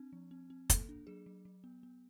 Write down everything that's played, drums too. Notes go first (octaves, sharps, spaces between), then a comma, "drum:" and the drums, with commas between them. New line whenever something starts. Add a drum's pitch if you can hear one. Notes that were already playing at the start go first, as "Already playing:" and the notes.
Already playing: C4 D4
F3
C4
C4
A#3 A4, drum: kick, hi-hat
D4
F#3 G#4
F#3
F#3
B3
B3